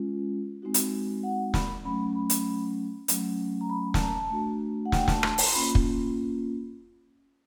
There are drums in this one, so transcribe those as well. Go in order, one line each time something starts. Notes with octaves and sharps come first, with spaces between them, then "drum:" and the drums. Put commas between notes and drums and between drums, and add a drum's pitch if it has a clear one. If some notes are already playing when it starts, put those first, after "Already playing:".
Already playing: G#3 C#4 F4
G#3 C4 D#4 F#4
drum: hi-hat
F#5
B5, drum: snare
F#3 A3 C#4 B5
B5
drum: hi-hat
F#3 A3 C#4, drum: hi-hat
A#5
B5
A5, drum: snare
A#5
A5
A3 D4 F#4
F#5
G5, drum: snare
A5, drum: snare
A5, drum: rim click
A#5, drum: open hi-hat
C6
A#3 C#4 F4 B5
drum: kick